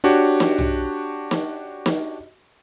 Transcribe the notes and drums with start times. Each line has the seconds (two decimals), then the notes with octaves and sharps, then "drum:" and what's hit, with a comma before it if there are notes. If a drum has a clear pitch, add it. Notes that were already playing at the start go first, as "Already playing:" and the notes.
0.04 D4 F#4 G4 C#5
0.40 drum: snare
0.58 drum: tom
1.31 drum: snare
1.86 drum: snare